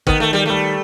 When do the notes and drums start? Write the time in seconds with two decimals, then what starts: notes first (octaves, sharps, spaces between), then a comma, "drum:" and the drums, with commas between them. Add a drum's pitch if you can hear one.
0.07 D#3 B3, drum: kick
0.20 A3
0.33 G3
0.46 G3 A3